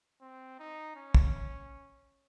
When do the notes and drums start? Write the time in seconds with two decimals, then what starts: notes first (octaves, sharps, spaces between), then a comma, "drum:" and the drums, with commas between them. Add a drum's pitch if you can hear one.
0.21 C4
0.59 D#4
0.96 C#4
1.15 drum: kick